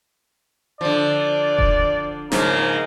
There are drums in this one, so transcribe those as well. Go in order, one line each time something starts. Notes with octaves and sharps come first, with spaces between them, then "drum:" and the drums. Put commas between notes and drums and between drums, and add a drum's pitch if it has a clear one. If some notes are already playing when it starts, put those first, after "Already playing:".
D3 F3 D5
drum: kick E1
G#2 C#3 F3 A#3, drum: snare